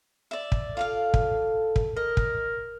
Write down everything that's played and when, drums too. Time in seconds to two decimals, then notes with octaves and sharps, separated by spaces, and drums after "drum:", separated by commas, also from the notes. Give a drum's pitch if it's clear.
0.31 D5 E5
0.52 drum: kick
0.77 F4 A4 D5 F5
1.14 drum: kick
1.76 drum: kick
1.97 A#4 D#5
2.17 drum: kick